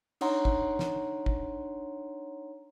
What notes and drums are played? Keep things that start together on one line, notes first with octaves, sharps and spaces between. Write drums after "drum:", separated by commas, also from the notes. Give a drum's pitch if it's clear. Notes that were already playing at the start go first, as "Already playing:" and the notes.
D4 D#4 C#5 F#5 A#5 C6, drum: cymbal
drum: kick
drum: snare
drum: kick